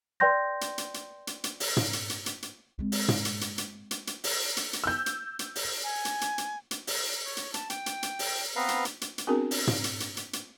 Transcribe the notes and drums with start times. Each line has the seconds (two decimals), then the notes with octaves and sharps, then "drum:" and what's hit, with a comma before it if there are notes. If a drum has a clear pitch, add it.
0.20 B4 D5 G5 C6 G6 A#6
0.61 drum: hi-hat
0.78 drum: hi-hat
0.94 drum: hi-hat
1.27 drum: hi-hat
1.44 drum: hi-hat
1.60 drum: open hi-hat
1.77 drum: tom
1.93 drum: hi-hat
2.10 drum: hi-hat
2.26 drum: hi-hat
2.42 drum: hi-hat
2.79 G#3 C4
2.92 drum: open hi-hat
3.08 drum: tom
3.25 drum: hi-hat
3.41 drum: hi-hat
3.58 drum: hi-hat
3.91 drum: hi-hat
4.07 drum: hi-hat
4.24 drum: open hi-hat
4.57 drum: hi-hat
4.73 drum: hi-hat
4.84 E6 G6
5.06 drum: hi-hat
5.39 drum: hi-hat
5.55 drum: open hi-hat
5.84 G#5
6.05 drum: hi-hat
6.21 drum: hi-hat
6.38 drum: hi-hat
6.71 drum: hi-hat
6.87 drum: open hi-hat
7.25 C#5
7.37 drum: hi-hat
7.54 A5, drum: hi-hat
7.70 G5, drum: hi-hat
7.86 drum: hi-hat
8.03 drum: hi-hat
8.19 drum: open hi-hat
8.56 B3 C4 B4 F5 A#5
8.68 drum: hi-hat
8.85 drum: hi-hat
9.01 drum: hi-hat
9.18 drum: hi-hat
9.27 B3 C4 D4 F#4 G#4 A#4
9.51 drum: open hi-hat
9.67 drum: tom
9.84 drum: hi-hat
10.00 drum: hi-hat
10.17 drum: hi-hat
10.33 drum: hi-hat